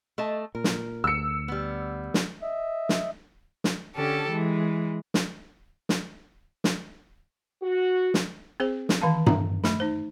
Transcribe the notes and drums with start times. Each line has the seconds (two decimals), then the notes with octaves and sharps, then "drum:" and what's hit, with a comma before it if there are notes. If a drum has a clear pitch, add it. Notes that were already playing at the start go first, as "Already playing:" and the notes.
0.18 A3 D#5 A5
0.55 A#2 A#4
0.64 drum: snare
1.04 D2 E6 C#7
1.48 G3 B3
2.14 drum: snare
2.42 D#5 E5
2.89 drum: snare
3.64 drum: snare
3.96 D3 C#4 G4 A4
4.27 E3 G#3
5.14 drum: snare
5.89 drum: snare
6.64 drum: snare
7.63 F#4
8.14 drum: snare
8.60 C4 G#4 C5
8.89 drum: snare
9.01 D#3 E3 F5 A5
9.27 A#5, drum: tom G2
9.64 A3 B5, drum: snare
9.80 D#4 C5